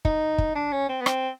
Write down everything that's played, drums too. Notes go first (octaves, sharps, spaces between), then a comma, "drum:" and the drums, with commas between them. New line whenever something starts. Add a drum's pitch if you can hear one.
D#4, drum: kick
drum: kick
D4
C#4
C4
B3
C4, drum: rim click